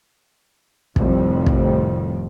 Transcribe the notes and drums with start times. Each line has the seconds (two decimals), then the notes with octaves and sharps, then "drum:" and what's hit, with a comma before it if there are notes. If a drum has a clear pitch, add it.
0.96 F1 F2 A2 D#3 G3 C4, drum: kick
1.46 drum: kick